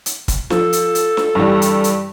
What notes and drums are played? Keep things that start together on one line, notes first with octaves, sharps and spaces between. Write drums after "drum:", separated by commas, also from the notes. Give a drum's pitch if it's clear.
drum: hi-hat
drum: kick, hi-hat
F3 A4, drum: snare
drum: hi-hat
drum: hi-hat
drum: snare
G2 E3 G3
drum: hi-hat
drum: hi-hat